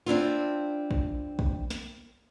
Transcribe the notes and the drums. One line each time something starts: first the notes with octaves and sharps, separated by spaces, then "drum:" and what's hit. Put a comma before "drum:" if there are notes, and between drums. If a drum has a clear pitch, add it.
C4 D4 E4 F4
drum: kick
drum: kick
drum: snare